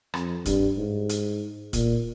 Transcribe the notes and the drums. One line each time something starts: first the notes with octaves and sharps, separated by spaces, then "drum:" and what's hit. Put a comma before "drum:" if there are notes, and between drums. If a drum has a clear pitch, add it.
F2, drum: rim click
G2, drum: kick, hi-hat
G#2
drum: hi-hat
A#2, drum: kick, hi-hat